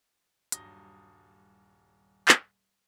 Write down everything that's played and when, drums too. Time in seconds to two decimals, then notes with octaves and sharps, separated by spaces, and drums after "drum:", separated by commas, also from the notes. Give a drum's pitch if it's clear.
0.52 D#1 G2 F#3 D#6 A#6 G7, drum: hi-hat
2.28 drum: clap